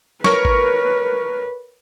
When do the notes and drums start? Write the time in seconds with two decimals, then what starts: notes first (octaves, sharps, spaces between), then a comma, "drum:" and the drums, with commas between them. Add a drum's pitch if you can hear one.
0.24 A#4 B4 C#5 C#6, drum: snare
0.45 drum: kick G#1